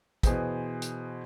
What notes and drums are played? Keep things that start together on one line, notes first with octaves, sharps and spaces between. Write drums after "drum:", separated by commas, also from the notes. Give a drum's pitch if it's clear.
B2 E3 G#4 C5 C6, drum: kick, hi-hat
drum: hi-hat